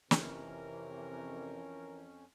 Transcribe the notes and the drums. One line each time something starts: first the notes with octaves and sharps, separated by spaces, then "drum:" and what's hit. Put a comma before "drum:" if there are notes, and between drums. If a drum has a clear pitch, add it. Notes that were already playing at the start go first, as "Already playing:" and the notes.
F2 C3 E3 C#4 A#4, drum: snare